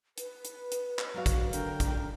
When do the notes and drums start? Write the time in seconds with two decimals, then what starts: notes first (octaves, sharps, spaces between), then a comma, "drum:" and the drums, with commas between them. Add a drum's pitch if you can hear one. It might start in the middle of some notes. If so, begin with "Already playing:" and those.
0.18 B4, drum: hi-hat
0.45 drum: hi-hat
0.72 drum: hi-hat
0.99 drum: clap
1.14 F#3 F#4 D5 F5
1.26 drum: kick, hi-hat
1.53 D3 A#4 G5, drum: hi-hat
1.80 drum: kick, hi-hat